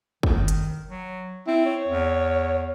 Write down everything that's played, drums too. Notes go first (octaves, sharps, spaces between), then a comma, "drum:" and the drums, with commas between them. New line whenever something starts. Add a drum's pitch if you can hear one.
D#3, drum: kick
drum: hi-hat
F#3
C4 E4
C#5
E2